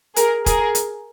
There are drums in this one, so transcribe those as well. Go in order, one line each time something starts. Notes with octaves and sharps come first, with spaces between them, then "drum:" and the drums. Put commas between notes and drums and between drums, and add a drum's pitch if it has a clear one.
G#4 A#4, drum: hi-hat
G#4 A#4, drum: kick, hi-hat
drum: hi-hat